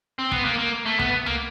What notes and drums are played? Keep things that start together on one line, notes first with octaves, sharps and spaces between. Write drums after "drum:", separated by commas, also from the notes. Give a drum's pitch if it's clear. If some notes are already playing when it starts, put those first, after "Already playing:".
C4
B3, drum: kick
A#3
A#3
A3
B3, drum: kick
A#3, drum: tom C#2